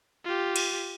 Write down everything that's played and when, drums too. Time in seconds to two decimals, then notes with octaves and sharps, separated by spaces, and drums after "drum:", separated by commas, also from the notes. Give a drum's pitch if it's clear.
0.25 F4 G4
0.56 drum: cymbal